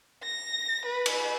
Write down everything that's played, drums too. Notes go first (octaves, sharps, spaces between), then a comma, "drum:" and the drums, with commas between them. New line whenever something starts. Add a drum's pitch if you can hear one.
A#6
B4
drum: cymbal